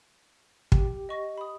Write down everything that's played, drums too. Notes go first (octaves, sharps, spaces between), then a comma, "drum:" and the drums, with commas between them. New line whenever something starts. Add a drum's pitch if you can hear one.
G4, drum: kick
D#5 C#6 A#6
B5 D#6